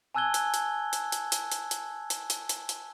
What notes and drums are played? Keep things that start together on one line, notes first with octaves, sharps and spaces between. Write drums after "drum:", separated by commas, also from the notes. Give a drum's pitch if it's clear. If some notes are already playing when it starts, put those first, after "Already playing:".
G#5 A5 E6 F#6 G#6 G7
drum: hi-hat
drum: hi-hat
drum: hi-hat
drum: hi-hat
drum: hi-hat
drum: hi-hat
drum: hi-hat
drum: hi-hat
drum: hi-hat
drum: hi-hat
drum: hi-hat